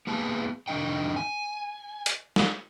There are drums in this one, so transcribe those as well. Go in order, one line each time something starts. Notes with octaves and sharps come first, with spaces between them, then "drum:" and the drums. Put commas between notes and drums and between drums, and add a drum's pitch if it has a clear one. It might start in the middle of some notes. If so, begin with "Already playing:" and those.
A#3 B3 G#4 A5
F2 D#3 F3 D4 D#5 G5
G#5
drum: hi-hat
drum: snare